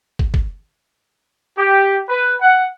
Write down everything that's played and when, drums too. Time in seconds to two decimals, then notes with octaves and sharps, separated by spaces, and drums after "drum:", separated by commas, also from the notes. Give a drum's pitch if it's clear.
0.19 drum: kick
0.34 drum: kick
1.57 G4
2.09 B4
2.41 F#5